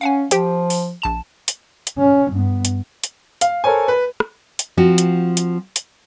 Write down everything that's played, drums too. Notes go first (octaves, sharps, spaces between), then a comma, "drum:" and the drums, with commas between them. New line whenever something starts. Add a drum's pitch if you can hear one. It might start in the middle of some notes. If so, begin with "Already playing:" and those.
C#4 F5 F#5 G#5
F3 G4 C5 G5, drum: hi-hat
drum: open hi-hat
A#1 A5 E7
drum: hi-hat
drum: hi-hat
C#4
G2 B3
drum: hi-hat
drum: hi-hat
F5, drum: hi-hat
A4 A#4 C5 C#5 G#5
B4
drum: rim click
drum: hi-hat
F3 C4 F#4
drum: hi-hat
drum: hi-hat
drum: hi-hat